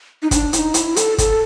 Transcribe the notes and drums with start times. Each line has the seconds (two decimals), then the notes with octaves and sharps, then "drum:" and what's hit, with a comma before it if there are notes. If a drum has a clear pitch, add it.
0.22 D#4
0.31 D4, drum: kick, hi-hat
0.53 E4, drum: hi-hat
0.58 D#4
0.74 E4, drum: hi-hat
0.96 A4, drum: hi-hat
1.18 A4, drum: kick, hi-hat